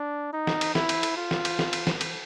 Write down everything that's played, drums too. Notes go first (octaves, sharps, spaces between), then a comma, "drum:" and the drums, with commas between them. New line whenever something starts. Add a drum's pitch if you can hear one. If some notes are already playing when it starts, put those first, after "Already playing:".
Already playing: D4
D#4
drum: snare
drum: cymbal
E4, drum: snare
drum: cymbal
drum: cymbal
F4
drum: snare
drum: cymbal
drum: snare
drum: cymbal
drum: snare
drum: cymbal